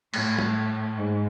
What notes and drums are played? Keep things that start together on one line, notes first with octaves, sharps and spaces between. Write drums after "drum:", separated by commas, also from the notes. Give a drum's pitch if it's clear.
A2, drum: cymbal
drum: tom
G#2